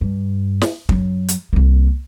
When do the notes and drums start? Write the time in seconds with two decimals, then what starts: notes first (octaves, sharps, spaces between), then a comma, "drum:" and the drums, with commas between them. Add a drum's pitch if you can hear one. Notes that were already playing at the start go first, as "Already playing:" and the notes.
0.01 G2
0.61 drum: snare
0.89 F#2 F#3, drum: kick
1.28 drum: hi-hat
1.53 C2 A#3